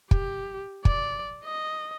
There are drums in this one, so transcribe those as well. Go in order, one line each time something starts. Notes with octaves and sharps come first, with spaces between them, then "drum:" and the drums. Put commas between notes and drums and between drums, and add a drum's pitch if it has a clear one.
G4, drum: kick
D5, drum: kick
D#5